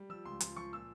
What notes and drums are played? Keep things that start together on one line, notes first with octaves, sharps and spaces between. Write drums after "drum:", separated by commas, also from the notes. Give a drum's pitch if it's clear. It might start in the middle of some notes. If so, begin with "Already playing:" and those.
Already playing: G3
F3 E6
C#2 C6
F3 C6, drum: hi-hat
F3 C#6
A#2 E6